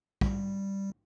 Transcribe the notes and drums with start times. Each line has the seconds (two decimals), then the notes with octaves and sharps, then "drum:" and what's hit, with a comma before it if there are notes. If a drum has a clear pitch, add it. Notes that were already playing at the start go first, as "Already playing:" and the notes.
0.21 G3, drum: kick